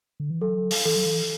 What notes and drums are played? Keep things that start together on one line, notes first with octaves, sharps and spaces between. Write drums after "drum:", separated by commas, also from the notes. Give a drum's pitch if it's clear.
D3
E3
F#3 A4
drum: open hi-hat
E3 A4
F#3
E3